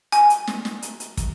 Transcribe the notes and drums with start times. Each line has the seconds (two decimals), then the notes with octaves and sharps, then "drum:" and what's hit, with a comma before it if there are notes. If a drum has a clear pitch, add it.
0.12 G#5, drum: hi-hat
0.30 drum: hi-hat
0.47 drum: snare
0.65 drum: snare
0.82 drum: hi-hat
1.00 drum: hi-hat
1.17 drum: kick, hi-hat